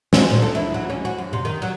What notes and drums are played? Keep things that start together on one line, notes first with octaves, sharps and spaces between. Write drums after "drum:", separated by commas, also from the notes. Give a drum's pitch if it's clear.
G#3, drum: snare
A#2
A4
E4
F#3
C#4
F#4
F#2
C3
D#3
F#3